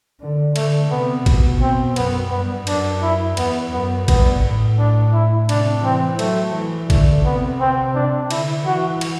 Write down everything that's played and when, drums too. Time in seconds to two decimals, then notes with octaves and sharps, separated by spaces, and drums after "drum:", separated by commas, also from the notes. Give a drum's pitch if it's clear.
0.21 D3
0.56 D3 A3, drum: cymbal
0.91 C3 B3
1.26 B2, drum: kick, cymbal
1.62 C4
1.96 F#2 B3, drum: cymbal
2.32 G2 B3
2.67 F#2 D4, drum: cymbal
3.03 E4
3.37 E2 B3, drum: cymbal
3.73 F#2 B3
4.08 G2 B3, drum: kick, cymbal
4.43 A2
4.79 D4
5.13 E4
5.49 C3 D4, drum: cymbal
5.84 E3 C4
6.19 F#3 A3, drum: cymbal
6.55 E3
6.90 D3 A3, drum: kick, cymbal
7.25 C3 B3
7.60 C4
7.95 C3 D4
8.31 D3 E4, drum: cymbal
8.66 E3 F#4
9.01 drum: cymbal